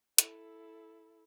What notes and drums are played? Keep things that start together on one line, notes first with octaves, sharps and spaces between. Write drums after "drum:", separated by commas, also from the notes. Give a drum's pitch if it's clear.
E4 A4, drum: hi-hat